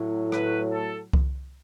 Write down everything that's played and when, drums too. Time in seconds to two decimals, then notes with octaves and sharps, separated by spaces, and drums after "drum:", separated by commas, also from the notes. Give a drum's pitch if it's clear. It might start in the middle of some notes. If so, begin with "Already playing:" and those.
Already playing: A2 F#3
0.32 B4, drum: rim click
0.71 A4
1.13 drum: kick C2